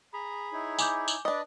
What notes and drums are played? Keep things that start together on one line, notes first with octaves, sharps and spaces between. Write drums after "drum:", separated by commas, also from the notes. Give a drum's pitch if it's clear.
G#4 A#5 B5
D#4 E4 C#5
G#5 D6 G6, drum: tambourine
drum: tambourine
D4 B4 D5 D#5